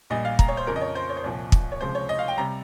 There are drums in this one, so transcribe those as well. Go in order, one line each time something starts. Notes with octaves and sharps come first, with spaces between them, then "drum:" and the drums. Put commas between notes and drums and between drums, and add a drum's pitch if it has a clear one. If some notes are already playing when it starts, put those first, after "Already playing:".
A#1 A#2 G3 D#5
F5
A#5, drum: kick
C#5
C5
F2 C#3 F3 A#4
D#5
C#5
C5
C#5
C5
C2 A#2 F3 C#5
drum: kick
C#5
C#2 C3 F3 G#3 C5
C#5
D#5
F5
G5
C3 G3 A#5